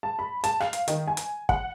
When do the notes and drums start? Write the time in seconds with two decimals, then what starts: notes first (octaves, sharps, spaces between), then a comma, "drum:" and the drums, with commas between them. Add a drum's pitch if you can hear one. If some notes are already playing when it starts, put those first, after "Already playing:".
0.03 A5
0.19 B5
0.44 A5, drum: hi-hat
0.60 F5, drum: rim click
0.73 drum: hi-hat
0.88 D#3, drum: hi-hat
1.08 G#5
1.17 drum: hi-hat
1.49 F#5, drum: kick